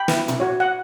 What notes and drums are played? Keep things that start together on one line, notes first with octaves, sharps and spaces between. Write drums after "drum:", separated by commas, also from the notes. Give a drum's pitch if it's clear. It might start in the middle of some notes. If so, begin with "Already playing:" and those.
Already playing: G5 B5
E4 B4, drum: snare
drum: tom
F#4 C#5
F#5